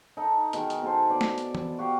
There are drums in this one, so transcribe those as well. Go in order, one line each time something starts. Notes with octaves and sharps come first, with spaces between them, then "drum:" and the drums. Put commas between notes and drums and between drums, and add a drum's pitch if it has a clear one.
D#4 A4 A#4
B2 D#3 G#3 A#4, drum: hi-hat
drum: hi-hat
B2 A4 C5
B2 D5
drum: snare
drum: hi-hat
drum: tom E3
F#4 G4 F5 G5